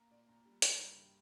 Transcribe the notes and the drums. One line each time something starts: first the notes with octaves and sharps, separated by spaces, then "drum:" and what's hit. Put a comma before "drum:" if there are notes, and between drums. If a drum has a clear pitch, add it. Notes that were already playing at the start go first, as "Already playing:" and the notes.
Already playing: A#3 A#5
A#2 D5
A#2 A#5
G3
G3 A#5, drum: hi-hat
G2
D#3 G5